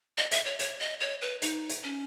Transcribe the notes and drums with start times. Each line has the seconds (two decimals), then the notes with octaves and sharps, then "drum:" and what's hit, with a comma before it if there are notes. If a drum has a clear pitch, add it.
0.18 D#5
0.31 E5, drum: hi-hat
0.45 C#5
0.59 C#5, drum: hi-hat
0.80 D#5
1.00 C#5
1.21 B4
1.42 D#4, drum: hi-hat
1.69 drum: hi-hat
1.83 C#4